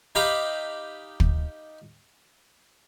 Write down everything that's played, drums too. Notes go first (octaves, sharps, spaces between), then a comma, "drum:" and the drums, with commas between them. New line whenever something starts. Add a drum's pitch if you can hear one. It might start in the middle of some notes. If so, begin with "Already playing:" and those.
D#4 G4 F5 A#5 B5
drum: kick